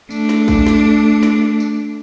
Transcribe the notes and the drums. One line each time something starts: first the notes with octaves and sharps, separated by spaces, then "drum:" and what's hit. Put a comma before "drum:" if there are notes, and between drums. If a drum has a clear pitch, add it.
A3 D4, drum: tambourine
drum: snare
drum: kick, tambourine
drum: snare
drum: snare
drum: tambourine